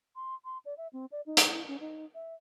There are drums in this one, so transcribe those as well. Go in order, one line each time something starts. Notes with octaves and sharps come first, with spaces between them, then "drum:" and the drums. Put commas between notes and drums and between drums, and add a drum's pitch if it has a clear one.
C6
C6
D5
E5
C4
D5
D#4
drum: hi-hat
E4
C#4
D#4
E5